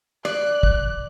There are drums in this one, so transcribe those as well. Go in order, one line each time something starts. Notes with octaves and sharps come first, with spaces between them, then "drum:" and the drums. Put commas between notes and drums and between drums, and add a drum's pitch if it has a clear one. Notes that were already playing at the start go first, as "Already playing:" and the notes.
D5 F#6, drum: rim click
drum: kick